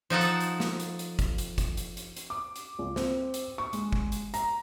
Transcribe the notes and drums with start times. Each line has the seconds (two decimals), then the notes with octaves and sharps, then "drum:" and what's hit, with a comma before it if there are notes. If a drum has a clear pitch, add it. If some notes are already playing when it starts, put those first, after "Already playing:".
0.10 F3 D#4 A4 F#5
0.21 drum: hi-hat
0.41 drum: hi-hat
0.60 drum: snare
0.80 drum: hi-hat
0.99 drum: hi-hat
1.19 drum: kick, hi-hat
1.38 drum: hi-hat
1.58 drum: kick, hi-hat
1.77 drum: hi-hat
1.97 drum: hi-hat
2.17 drum: hi-hat
2.30 D6
2.56 drum: hi-hat
2.79 C#2
2.96 C4, drum: snare
3.34 drum: hi-hat
3.58 C#6
3.73 G#3, drum: hi-hat
3.92 drum: kick
4.12 drum: hi-hat
4.34 A#5, drum: hi-hat